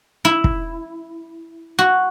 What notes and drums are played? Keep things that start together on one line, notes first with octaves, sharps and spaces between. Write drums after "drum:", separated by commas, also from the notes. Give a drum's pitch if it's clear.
E4
drum: kick
F#4